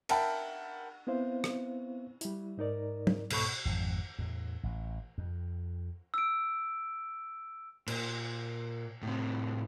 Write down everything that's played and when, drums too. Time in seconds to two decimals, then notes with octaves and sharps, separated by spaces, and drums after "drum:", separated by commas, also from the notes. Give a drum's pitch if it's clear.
0.09 A#4 E5 F#5 G5 A5 B5, drum: cymbal
1.07 B3 C4 E4 C5 F5
1.44 drum: rim click
2.21 G3 E4, drum: hi-hat
2.58 G#2 D#4 A#4 D5
3.07 drum: tom
3.30 C#2 G#2 B2 A4 B5 C#6, drum: cymbal
3.65 G#1 F2 E3
4.19 E2 A2
4.63 A1
5.18 F2
6.14 E6 D7
7.87 A#2, drum: cymbal
9.03 A2 C3